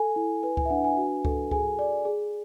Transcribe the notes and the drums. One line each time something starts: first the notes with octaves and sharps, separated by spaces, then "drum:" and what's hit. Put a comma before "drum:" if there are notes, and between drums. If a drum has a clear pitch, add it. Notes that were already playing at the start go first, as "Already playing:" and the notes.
Already playing: A4 G#5
E4
B4 G#5
G#5, drum: kick C#2
E5
D4 F#5
G#5
F#4
A4, drum: kick C#2
G#4 G#5, drum: kick C#2
D5
G#4